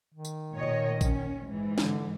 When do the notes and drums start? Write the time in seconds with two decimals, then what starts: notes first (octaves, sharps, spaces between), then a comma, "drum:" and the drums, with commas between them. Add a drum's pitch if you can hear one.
0.14 D#3
0.25 drum: tambourine
0.53 A#2 C#5 D#5
0.63 drum: tom A#2
1.01 C#4, drum: kick A1, tambourine
1.45 G#2 E3
1.78 D3, drum: snare